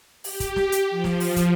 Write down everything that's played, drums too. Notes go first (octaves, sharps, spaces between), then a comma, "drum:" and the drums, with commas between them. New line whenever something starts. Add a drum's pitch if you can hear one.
G4, drum: open hi-hat
drum: kick, hi-hat
drum: snare
drum: hi-hat
F3
drum: snare
drum: open hi-hat
drum: kick, hi-hat